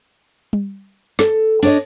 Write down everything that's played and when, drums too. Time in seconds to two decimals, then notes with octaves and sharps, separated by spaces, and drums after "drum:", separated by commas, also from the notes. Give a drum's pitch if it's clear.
0.53 drum: tom G3
1.19 A4, drum: snare
1.63 D4 C#5 D#5, drum: open hi-hat